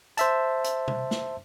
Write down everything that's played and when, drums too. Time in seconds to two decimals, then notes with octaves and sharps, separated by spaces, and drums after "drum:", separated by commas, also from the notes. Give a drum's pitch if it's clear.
0.17 C5 E5 A5, drum: hi-hat
0.64 drum: hi-hat
0.88 drum: tom B2
1.11 drum: snare